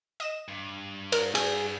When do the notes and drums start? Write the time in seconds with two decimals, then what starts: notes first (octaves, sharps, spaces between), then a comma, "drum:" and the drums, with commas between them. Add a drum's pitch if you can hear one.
0.20 D#5 E7
0.48 G2
1.12 A#4, drum: cymbal
1.35 G#4, drum: cymbal